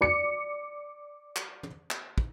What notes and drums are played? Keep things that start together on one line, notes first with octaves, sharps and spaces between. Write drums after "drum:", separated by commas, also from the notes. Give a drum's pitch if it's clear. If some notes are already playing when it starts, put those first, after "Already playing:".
D5 D6 C#7
drum: clap
drum: tom
drum: clap
drum: kick